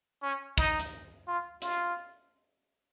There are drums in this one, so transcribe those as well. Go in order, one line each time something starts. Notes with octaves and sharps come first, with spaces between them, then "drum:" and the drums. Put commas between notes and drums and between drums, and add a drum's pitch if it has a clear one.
C#4
D#4, drum: kick
drum: hi-hat
F4
F4, drum: hi-hat